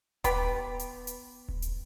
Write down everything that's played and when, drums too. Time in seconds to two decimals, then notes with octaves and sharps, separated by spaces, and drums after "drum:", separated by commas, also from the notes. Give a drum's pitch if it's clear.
0.24 B3 G4 B4 B5, drum: kick D#1, hi-hat
0.79 drum: hi-hat
1.07 drum: hi-hat
1.48 drum: kick D#1
1.62 drum: hi-hat